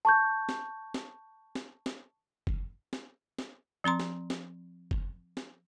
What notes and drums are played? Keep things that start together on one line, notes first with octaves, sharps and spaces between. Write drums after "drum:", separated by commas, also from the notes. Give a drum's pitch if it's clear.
A5 C#6 G6
drum: snare
drum: snare
drum: snare
drum: snare
drum: kick
drum: snare
drum: snare
F3 C4 A#5 C6
drum: snare
drum: snare
drum: kick
drum: snare